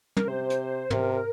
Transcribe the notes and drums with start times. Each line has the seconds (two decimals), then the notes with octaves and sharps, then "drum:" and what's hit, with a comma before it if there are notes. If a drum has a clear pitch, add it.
0.17 A#4, drum: tom
0.28 C3 C5
0.50 drum: hi-hat
0.90 C3 A#4, drum: tom